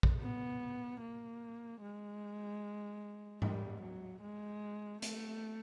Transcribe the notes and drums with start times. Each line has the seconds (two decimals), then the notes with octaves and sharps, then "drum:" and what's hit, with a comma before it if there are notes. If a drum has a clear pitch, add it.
0.03 drum: kick A#1
0.20 B3
1.01 A#3
1.81 G#3
3.42 G3, drum: tom G#2
3.82 F#3
4.22 G#3
5.02 A3, drum: hi-hat